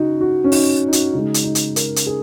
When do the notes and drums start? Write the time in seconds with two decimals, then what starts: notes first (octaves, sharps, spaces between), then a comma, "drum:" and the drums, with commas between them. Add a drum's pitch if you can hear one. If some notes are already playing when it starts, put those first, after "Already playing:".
Already playing: C#3 D#4 F#4
0.21 F#4
0.44 C#4
0.52 D#4, drum: open hi-hat
0.88 D#4
0.93 F#4, drum: hi-hat
1.13 C#3 G#3 D#4
1.34 drum: hi-hat
1.44 D#4
1.55 drum: hi-hat
1.76 A#4, drum: hi-hat
1.96 drum: hi-hat
2.07 G#4